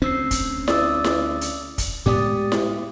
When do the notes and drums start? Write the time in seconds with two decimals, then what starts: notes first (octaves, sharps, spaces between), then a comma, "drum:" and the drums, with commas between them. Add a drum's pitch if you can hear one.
0.02 D2 C4 C#4 C5 E6 C7
0.31 drum: kick, hi-hat
0.68 D5 D#6 E6, drum: snare E4
1.04 drum: snare E4
1.41 drum: hi-hat
1.78 drum: kick, hi-hat
2.06 A2 G#3 B3 G4 D5 D#6
2.52 drum: snare E4